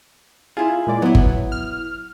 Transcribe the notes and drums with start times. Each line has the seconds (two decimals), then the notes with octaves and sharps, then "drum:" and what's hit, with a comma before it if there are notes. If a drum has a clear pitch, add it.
0.57 E4 F4 G#4
0.87 A#2 G#3 D5
1.02 F#3 B3 E4
1.15 drum: kick G1
1.52 F6